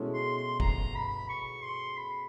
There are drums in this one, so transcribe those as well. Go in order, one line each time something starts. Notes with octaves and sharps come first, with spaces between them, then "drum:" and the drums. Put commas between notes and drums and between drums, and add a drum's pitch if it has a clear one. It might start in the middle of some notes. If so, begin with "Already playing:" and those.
Already playing: B2 G#3 C#4 E4 A4
C6
C6
A#5, drum: kick
B5
C#6
C6
B5